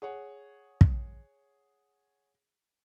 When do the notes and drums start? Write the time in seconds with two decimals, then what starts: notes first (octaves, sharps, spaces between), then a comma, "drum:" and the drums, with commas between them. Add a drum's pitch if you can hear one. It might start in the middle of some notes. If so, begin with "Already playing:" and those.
0.02 G#4 C#5 F#5
0.81 drum: kick